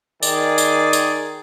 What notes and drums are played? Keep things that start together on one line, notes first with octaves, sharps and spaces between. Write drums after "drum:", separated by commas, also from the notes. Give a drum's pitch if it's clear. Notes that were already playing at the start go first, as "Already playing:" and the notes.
D#3 G#4 D5, drum: tambourine
drum: tambourine
drum: tambourine